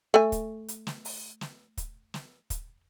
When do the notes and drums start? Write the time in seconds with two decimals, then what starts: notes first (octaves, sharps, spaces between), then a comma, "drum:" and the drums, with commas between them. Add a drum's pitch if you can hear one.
0.14 A3 G#5
0.32 drum: kick, hi-hat
0.68 drum: hi-hat
0.87 drum: snare
1.05 drum: open hi-hat
1.41 drum: snare
1.78 drum: kick, hi-hat
2.14 drum: snare
2.50 drum: kick, hi-hat